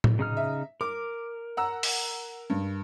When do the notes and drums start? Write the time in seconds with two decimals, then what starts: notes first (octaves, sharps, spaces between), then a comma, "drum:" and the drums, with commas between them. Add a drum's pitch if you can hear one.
0.04 drum: tom A2
0.19 C#3 D#4 F6
0.37 E5
0.81 A#4 D6
1.57 F#5 A#5 E6
1.83 drum: open hi-hat
2.50 G2